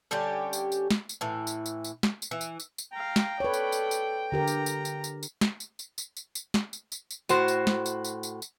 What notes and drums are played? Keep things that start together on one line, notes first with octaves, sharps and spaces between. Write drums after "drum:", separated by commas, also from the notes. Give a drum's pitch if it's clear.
D3 G3 C#4 G4
drum: tambourine
drum: tambourine
drum: snare
drum: tambourine
A2 E3
drum: tambourine
drum: tambourine
drum: tambourine
drum: snare
drum: tambourine
E3
drum: tambourine
drum: tambourine
drum: tambourine
F5 G5 A#5
drum: snare
A4 B4 C#5 D5
drum: tambourine
drum: tambourine
drum: tambourine
D3 G4 A#4 A#5
drum: tambourine
drum: tambourine
drum: tambourine
drum: tambourine
drum: tambourine
drum: snare
drum: tambourine
drum: tambourine
drum: tambourine
drum: tambourine
drum: tambourine
drum: snare
drum: tambourine
drum: tambourine
drum: tambourine
A2 F#4 C5, drum: tambourine
drum: tambourine
drum: snare
drum: tambourine
drum: tambourine
drum: tambourine
drum: tambourine